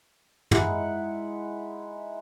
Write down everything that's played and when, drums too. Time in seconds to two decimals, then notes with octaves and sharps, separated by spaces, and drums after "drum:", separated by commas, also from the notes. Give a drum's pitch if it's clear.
0.51 G#3 D#4 E4 F#5, drum: tom